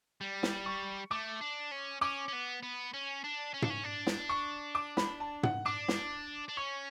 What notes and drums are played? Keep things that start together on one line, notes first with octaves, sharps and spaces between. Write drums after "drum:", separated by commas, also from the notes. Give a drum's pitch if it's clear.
G3
drum: snare
C#6
A3 D6
D4
C#4
C#4 D6
C#4
B3
B3
C#4
D4
C#4
D4, drum: tom
C#4
D4
drum: snare
C#6
D6
B5, drum: snare
A5
F#5, drum: tom
D4 D6
drum: snare
D4
C#4 C#6